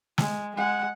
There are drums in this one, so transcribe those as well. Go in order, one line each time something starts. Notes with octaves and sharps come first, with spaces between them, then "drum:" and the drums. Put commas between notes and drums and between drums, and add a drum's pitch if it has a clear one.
G#3, drum: snare
G#3 F#5